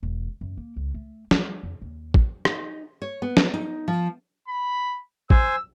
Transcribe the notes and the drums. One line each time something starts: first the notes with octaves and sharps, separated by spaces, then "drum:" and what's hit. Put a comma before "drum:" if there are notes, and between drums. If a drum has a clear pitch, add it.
E1
F#2
A#3
C#2
A3
G3, drum: snare
F2
D#2
drum: kick
D#4, drum: rim click
C#5
B3
drum: snare
D#4
F3
B5
C5 G#5 E6, drum: kick